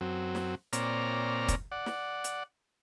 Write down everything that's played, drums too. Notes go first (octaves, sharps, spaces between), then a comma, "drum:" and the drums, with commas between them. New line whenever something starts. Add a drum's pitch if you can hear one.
F#2 F#3 C4
drum: snare
A#2 C4 C#5 D5 A#5 F6, drum: hi-hat
drum: kick, hi-hat
D5 F#5
drum: snare
drum: hi-hat